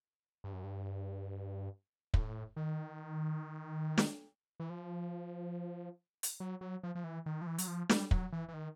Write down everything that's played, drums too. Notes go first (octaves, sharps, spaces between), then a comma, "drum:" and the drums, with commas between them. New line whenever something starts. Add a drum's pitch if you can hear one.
G2
F#2
G2
A2, drum: kick
D#3
drum: snare
E3
F3
drum: hi-hat
F#3
F#3
F3
F3
E3
D#3
F3
E3
F#3, drum: hi-hat
F3
G3, drum: snare
F#3, drum: kick
E3
E3
D#3